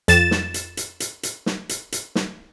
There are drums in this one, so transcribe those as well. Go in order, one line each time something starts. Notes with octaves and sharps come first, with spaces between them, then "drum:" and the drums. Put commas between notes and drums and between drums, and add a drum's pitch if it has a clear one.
F2 A6 E7, drum: hi-hat
drum: snare
drum: hi-hat
drum: hi-hat
drum: hi-hat
drum: hi-hat
drum: snare
drum: hi-hat
drum: hi-hat
drum: snare